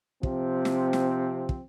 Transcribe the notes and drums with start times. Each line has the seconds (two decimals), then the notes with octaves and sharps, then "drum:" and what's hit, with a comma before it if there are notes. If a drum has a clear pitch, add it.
0.23 C3 F3 C4, drum: kick
0.65 drum: snare
0.93 drum: snare
1.49 drum: kick